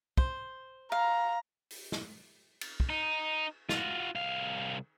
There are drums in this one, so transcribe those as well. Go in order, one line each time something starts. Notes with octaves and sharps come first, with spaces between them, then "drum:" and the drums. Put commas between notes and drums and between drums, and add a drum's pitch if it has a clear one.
C5, drum: kick
F5 A#5
drum: open hi-hat
drum: snare
drum: cymbal
drum: kick
D#4
F4 F#4, drum: snare
C2 F5